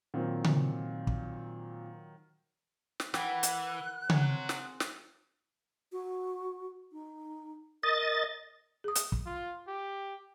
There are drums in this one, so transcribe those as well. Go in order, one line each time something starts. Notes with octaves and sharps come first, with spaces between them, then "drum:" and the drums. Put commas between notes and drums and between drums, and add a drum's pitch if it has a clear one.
A#2 D#3 F#3 C4
drum: tom C#3
drum: kick
drum: snare
E3 A#4 F#5 G5 B5, drum: snare
F#6, drum: hi-hat
C#5 F#5 G#5, drum: tom C#3
C4
G#4, drum: snare
drum: snare
F#4
D#4
A#4 D#5 A6
G#4 D#6
drum: hi-hat
drum: kick
F4
G4